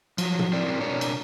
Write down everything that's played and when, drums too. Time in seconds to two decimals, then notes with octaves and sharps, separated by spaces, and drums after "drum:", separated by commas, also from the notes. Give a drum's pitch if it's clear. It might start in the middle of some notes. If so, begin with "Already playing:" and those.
0.18 F3 F#3, drum: cymbal
0.39 drum: tom
0.53 C4 E4 A#4 D5
0.81 B2 D4 A#4 C#5
1.01 drum: cymbal